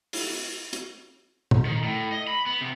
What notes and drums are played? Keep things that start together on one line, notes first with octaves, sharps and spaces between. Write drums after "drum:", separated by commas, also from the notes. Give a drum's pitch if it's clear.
drum: open hi-hat
drum: hi-hat
drum: tom A#2
D#3
A2
D#5
B5
B3
C3